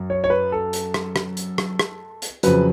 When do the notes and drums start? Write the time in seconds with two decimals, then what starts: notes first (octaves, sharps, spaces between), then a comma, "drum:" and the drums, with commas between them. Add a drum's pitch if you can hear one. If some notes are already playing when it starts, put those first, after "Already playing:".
Already playing: F#2
0.10 C#5
0.24 C#5
0.30 B4
0.52 A4
0.73 drum: hi-hat
0.94 drum: rim click
1.16 drum: rim click
1.37 drum: hi-hat
1.58 drum: rim click
1.79 drum: rim click
2.22 drum: hi-hat
2.43 F2 C#3 F#3 B4, drum: hi-hat